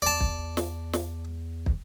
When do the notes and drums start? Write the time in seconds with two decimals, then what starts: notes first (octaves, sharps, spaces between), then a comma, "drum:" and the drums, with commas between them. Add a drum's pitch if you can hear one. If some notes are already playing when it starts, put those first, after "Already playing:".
0.02 E2 D5 A5
0.21 drum: kick
0.57 drum: snare
0.93 drum: snare
1.66 drum: kick